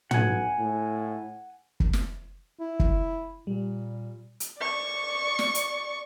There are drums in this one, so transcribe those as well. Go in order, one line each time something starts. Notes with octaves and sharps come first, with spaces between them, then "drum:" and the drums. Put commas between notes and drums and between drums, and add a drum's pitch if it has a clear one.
B1 F#5 G#5, drum: tom
A2
drum: kick
drum: snare
E4
drum: kick
A#2 G3
drum: hi-hat
D5 C#6
drum: snare
drum: hi-hat